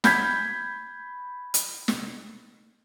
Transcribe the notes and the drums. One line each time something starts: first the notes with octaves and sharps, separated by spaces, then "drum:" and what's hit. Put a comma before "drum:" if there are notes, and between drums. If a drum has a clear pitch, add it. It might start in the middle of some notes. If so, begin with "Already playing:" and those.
B5 G6 G#6 B6, drum: snare
drum: hi-hat
drum: snare